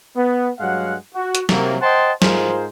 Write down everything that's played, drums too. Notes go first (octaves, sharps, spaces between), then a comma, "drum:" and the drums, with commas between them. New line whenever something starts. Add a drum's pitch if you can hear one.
B3
G2 F#3 G#3 F5 F#5
F#4
drum: hi-hat
C3 F#3 A#3, drum: snare
C5 D#5 F#5 G5 A5 C6
G#2 F4 G#4 A#4 C5, drum: snare